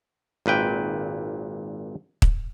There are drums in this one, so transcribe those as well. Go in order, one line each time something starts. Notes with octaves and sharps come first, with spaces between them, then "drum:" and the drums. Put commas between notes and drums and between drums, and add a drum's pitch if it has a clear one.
G#1 A#2 B4 G5
drum: kick